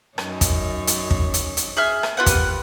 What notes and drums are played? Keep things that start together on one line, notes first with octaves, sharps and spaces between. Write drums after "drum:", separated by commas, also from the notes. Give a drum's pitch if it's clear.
F#2 D#4 C#5, drum: rim click
drum: kick, hi-hat
drum: hi-hat
drum: kick
drum: hi-hat
drum: hi-hat
G#4 E5 F6
drum: rim click
B3 F4 G4 A#4 B4 F#5
drum: kick, hi-hat